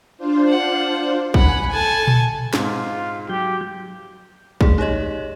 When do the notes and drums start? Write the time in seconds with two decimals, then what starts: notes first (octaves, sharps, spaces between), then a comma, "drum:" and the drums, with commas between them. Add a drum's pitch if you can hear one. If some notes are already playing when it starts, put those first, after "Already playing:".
0.18 D4 F4 C5
0.48 F#5
1.34 F#5 G#5 B5 F#6, drum: kick
1.70 A4 G#5 A5
2.07 drum: tom A#2
2.53 G#2 F4, drum: snare
3.29 F#3 G4 G6
4.61 A3 G#4, drum: kick
4.78 D#4 G4 C#5 D#5